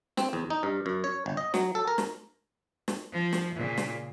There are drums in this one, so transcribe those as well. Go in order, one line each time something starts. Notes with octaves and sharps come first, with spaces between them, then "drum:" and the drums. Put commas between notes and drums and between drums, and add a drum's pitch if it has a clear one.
C4, drum: snare
E2
D#4
G2
F#2
C#5
G1
D#5
F#3, drum: snare
A4
A#4
drum: snare
drum: snare
F3
drum: snare
A#2 C#3
drum: snare